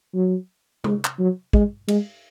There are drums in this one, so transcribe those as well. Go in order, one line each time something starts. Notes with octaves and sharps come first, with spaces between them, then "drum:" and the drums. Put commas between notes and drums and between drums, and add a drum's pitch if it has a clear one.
F#3
G#3, drum: tom C3
drum: clap
F#3
G#3, drum: kick
G#3, drum: cymbal